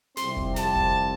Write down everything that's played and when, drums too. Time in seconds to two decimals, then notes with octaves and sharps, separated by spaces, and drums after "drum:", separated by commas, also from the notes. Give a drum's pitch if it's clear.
0.17 C2 C3 F3 C4 C6, drum: snare
0.37 drum: kick F1
0.56 A5, drum: snare
0.76 drum: kick F1